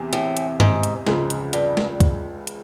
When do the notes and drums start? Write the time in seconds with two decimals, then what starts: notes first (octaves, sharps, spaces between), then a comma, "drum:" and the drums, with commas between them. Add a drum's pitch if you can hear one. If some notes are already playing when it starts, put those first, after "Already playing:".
Already playing: E2 C3
0.13 A2, drum: hi-hat
0.37 drum: hi-hat
0.60 G#2, drum: tom G2
0.83 drum: hi-hat
1.07 C#2 G#2 C#3 F3, drum: snare
1.30 drum: hi-hat
1.53 G2, drum: hi-hat
1.77 drum: snare
2.00 drum: kick, hi-hat
2.47 drum: hi-hat